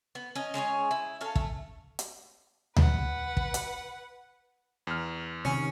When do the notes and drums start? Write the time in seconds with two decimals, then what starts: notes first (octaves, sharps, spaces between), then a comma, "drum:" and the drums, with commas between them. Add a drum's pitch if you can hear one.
0.15 B3
0.35 C#4 D#5
0.54 G#3 C#4 G#4 C#5
0.91 E4
1.21 C#4 A4 F5
1.36 A3, drum: kick
1.99 drum: hi-hat
2.76 B4 F#5, drum: tom D2
3.37 drum: kick
3.54 drum: hi-hat
4.87 E2 F6
5.45 C3 D#3 C#4